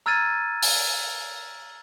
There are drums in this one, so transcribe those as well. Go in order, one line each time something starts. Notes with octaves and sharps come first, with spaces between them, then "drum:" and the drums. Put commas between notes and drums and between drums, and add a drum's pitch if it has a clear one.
A#5 E6 F6 G#6 A6 D#7
drum: open hi-hat